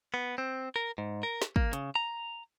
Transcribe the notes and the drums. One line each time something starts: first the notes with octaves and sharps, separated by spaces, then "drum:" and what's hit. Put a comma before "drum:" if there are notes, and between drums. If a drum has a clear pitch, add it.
B3
C4
A#4
G#2
A#4
drum: snare
A#3, drum: kick
C#3, drum: hi-hat
A#5